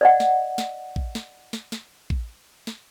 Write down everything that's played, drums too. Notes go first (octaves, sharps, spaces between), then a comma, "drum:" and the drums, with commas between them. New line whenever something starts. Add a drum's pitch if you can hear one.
D5 D#5 F#5
drum: snare
drum: snare
drum: kick
drum: snare
drum: snare
drum: snare
drum: kick
drum: snare